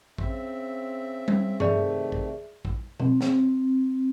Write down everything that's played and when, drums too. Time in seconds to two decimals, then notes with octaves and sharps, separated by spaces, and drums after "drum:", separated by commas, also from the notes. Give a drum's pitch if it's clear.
0.18 C#3 C4 E5, drum: kick
1.28 drum: tom G3
1.60 C3 D#3 A3 G#4 D5 E5, drum: tom G2
2.12 drum: kick
2.65 drum: kick
3.00 C4, drum: tom B2
3.21 drum: snare